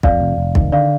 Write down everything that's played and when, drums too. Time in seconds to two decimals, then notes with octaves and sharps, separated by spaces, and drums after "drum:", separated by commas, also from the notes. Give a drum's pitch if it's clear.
0.03 F2 D5 F5, drum: kick
0.21 F1
0.38 F1
0.55 D#3, drum: kick
0.72 D3 D5 F5